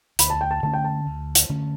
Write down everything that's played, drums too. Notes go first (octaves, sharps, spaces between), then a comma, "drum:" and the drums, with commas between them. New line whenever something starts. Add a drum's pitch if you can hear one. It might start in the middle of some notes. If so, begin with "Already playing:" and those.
D2 B5, drum: hi-hat
A5
G5
A5
D3 A3 C#4 A5
G5
A5
D2
drum: hi-hat
D3 A3 C#4